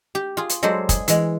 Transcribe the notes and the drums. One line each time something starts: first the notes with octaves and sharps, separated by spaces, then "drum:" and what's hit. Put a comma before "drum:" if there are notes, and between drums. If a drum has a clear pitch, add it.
G4
F4 G#4
drum: hi-hat
F#3 G#3 A4 C5 D5
G#4, drum: kick, hi-hat
E3 G#3, drum: hi-hat